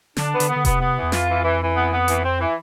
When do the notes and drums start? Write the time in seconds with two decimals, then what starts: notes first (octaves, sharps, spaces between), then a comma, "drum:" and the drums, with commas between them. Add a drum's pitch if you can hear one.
0.17 D3 D4, drum: snare
0.33 B3
0.40 D3, drum: hi-hat
0.48 B3
0.56 D3
0.65 C3 B3, drum: kick E1, hi-hat
0.80 B3
0.96 E3
1.03 E2
1.12 F2 F4, drum: snare
1.28 E3
1.44 E3
1.60 E3
1.76 B3
1.91 B3
2.08 E3, drum: hi-hat
2.24 C4
2.39 E3